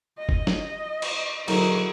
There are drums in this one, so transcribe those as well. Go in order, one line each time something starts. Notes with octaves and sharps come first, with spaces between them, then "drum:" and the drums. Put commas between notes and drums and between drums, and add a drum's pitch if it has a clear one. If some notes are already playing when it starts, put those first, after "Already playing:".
D#5
drum: kick F#1
drum: snare
drum: cymbal
D2 F#3 D#4 E4 F#4 G#4 A#4, drum: cymbal